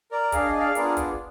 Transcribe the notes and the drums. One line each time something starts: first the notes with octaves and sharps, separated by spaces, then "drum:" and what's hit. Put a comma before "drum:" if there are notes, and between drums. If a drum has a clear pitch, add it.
A#4 D5
D4 G#4 F5, drum: kick, hi-hat
D#5
D5 F5
B3 D4 F4 G#4 A#4 D5, drum: hi-hat
drum: kick, hi-hat